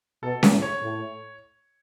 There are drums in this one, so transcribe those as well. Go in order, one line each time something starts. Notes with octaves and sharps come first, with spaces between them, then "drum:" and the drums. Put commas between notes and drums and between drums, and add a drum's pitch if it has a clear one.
B2 A4
drum: snare C#4
A2
C#5
A2